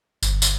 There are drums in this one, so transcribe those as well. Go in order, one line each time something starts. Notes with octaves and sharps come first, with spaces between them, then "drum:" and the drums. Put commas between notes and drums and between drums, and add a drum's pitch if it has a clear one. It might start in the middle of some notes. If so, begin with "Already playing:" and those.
G1, drum: tambourine
drum: tambourine